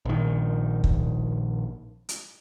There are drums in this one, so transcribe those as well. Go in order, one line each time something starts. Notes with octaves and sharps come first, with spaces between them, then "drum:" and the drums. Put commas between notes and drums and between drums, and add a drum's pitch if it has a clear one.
A#1 D#3
drum: kick
drum: hi-hat